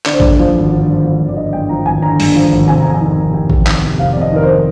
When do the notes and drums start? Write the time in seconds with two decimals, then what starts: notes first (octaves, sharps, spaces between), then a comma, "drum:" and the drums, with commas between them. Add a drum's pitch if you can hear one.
0.06 D3 D5, drum: clap
0.13 C5
0.20 G2 D5, drum: kick
0.39 F3
0.56 G#1
0.71 D3
0.87 G2
1.04 F3
1.21 G#1
1.28 D5
1.37 D3 D#5
1.53 G2 G5
1.69 F3 A#5
1.86 G#1 G#5
2.02 D3 A#5
2.20 G2, drum: open hi-hat
2.35 F3
2.52 G#1
2.68 C3 G#5
2.80 F2 A#5
2.93 G#5
3.01 D#3
3.18 F1
3.33 C3 G5
3.50 F2, drum: kick
3.66 D#3, drum: clap
3.84 F1
3.99 C3 F5
4.13 D5
4.16 F2 D#5
4.32 D#3 A#4
4.43 C5